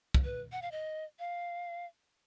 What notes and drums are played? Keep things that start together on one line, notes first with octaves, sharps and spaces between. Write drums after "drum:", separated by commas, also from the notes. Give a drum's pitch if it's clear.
drum: kick
B4
F#5
F5
D#5
F5